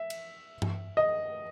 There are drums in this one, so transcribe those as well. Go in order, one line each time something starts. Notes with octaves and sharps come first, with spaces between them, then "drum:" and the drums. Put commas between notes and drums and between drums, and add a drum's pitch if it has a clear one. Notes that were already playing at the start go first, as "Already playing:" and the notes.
Already playing: E5
drum: cymbal
drum: tom G2
D#5